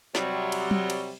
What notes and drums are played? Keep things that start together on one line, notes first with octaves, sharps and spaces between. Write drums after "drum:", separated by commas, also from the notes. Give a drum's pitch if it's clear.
C3 F#3 G3, drum: snare
drum: cymbal
drum: tom
drum: cymbal